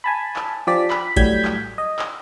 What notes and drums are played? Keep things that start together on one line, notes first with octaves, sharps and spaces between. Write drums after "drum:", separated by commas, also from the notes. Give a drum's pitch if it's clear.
G#5 A5 B5
drum: clap
F3 D4 G4 D5 B6
B5, drum: clap
A2 F#3 G3 G6 G#6 B6, drum: kick G#1, hi-hat
drum: clap
D#5
drum: clap